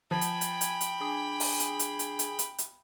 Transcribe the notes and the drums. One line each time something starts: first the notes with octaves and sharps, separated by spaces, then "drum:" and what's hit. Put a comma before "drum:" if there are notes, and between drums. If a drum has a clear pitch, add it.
F3 G5 G#5 B5
drum: hi-hat
drum: hi-hat
drum: hi-hat
drum: hi-hat
D4 G#4 G#5
drum: open hi-hat
drum: hi-hat
drum: hi-hat
drum: hi-hat
drum: hi-hat
drum: hi-hat
drum: hi-hat